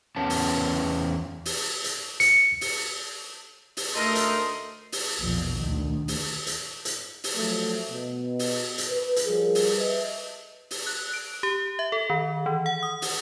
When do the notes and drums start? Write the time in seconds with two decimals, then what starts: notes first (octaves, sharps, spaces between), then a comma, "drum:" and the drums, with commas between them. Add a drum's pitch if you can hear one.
0.16 E2 B3 C#4 A5
0.30 drum: open hi-hat
1.45 drum: open hi-hat
1.84 drum: hi-hat
2.20 C#7, drum: hi-hat
2.61 drum: open hi-hat
3.77 drum: open hi-hat
3.95 D2 A3 D#4 A4 A#4 D#5 C6
4.15 drum: hi-hat
4.92 drum: open hi-hat
5.20 A#1 E2 B2 F3
5.53 D2 D#3
6.08 drum: open hi-hat
6.47 drum: hi-hat
6.85 drum: hi-hat
7.24 drum: open hi-hat
7.37 F3 F#3 A3
7.89 B2
8.39 drum: open hi-hat
8.78 drum: hi-hat
8.89 B4
9.16 drum: hi-hat
9.26 F3 G3 G#4 A#4
9.55 drum: open hi-hat
9.78 B4 D#5 E5
10.71 drum: open hi-hat
10.87 F#6
11.14 D7
11.43 G4
11.79 E5
11.92 A4
12.10 D#3
12.46 E3
12.66 F#5
12.83 D#6
13.02 drum: open hi-hat